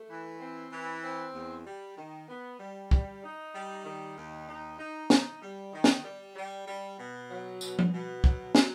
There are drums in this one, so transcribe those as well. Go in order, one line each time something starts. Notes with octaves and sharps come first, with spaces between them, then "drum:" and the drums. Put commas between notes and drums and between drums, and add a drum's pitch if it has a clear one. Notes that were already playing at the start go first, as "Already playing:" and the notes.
Already playing: A3
E3
C4
E3
C4
E2
G3
D#3
B3
G3
G3, drum: kick
D#4
G3
D#3
D#2
D#4
D#4
D#4, drum: snare
G3
D#3
drum: snare
G3
G3
G3
B2
F#3
B2, drum: tambourine
drum: tom F3
B2
F#3, drum: kick
F#3, drum: snare